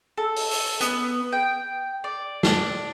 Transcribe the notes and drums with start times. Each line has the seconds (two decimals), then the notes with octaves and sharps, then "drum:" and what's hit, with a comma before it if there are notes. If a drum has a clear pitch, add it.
0.18 A4
0.36 drum: open hi-hat
0.51 drum: open hi-hat
0.81 B3, drum: hi-hat
1.32 G5
2.04 D5
2.43 D4, drum: snare